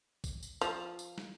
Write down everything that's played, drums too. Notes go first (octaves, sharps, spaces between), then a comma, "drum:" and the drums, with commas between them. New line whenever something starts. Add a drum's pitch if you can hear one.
drum: kick A1, tambourine
drum: tambourine
F3, drum: tambourine
drum: tambourine
drum: snare